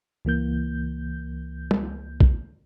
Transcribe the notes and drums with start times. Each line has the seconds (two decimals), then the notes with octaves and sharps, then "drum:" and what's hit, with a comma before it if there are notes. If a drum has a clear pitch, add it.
0.25 C#2 E3 A#3 G6
1.71 drum: tom
2.20 drum: kick